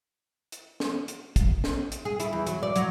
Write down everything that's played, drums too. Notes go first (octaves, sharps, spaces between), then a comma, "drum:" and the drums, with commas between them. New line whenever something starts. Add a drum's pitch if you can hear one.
drum: hi-hat
drum: snare
drum: hi-hat
drum: kick, hi-hat
drum: snare
drum: hi-hat
G#4
E4, drum: hi-hat
E2
F#3, drum: hi-hat
D5
F#3, drum: hi-hat